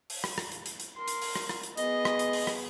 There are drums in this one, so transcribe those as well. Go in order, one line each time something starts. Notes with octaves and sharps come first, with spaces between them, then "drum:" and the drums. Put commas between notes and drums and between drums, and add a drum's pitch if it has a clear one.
drum: open hi-hat
drum: rim click
drum: rim click
drum: hi-hat
drum: hi-hat
drum: hi-hat
A#4 C6
drum: hi-hat
drum: open hi-hat
drum: rim click
drum: rim click
drum: hi-hat
B3 G#4 D#5, drum: hi-hat
drum: rim click
drum: hi-hat
drum: open hi-hat
drum: rim click